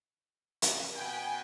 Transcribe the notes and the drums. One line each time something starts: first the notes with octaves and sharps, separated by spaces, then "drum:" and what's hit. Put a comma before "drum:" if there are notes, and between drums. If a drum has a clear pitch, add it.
drum: hi-hat
B2 B4 G5 G#5